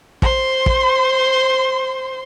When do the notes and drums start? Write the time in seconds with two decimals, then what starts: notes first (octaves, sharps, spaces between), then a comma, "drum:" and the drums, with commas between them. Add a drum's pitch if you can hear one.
0.22 C5 C6, drum: kick
0.66 drum: kick